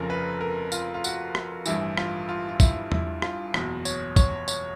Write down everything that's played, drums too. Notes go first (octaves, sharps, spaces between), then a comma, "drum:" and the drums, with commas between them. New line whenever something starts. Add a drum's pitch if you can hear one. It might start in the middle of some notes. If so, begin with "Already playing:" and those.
Already playing: F1 F2 C#3 A#4
B4
A#4
F4, drum: tambourine
F4
F#4, drum: tambourine
drum: rim click
A1 G2 E3 E4, drum: tambourine
F4, drum: rim click
F4
F4
E4, drum: kick, tambourine
E4, drum: tom E2
F4, drum: rim click
F#1 E2 B2, drum: rim click
C#5, drum: tambourine
C#5, drum: kick, tambourine
C#5, drum: tambourine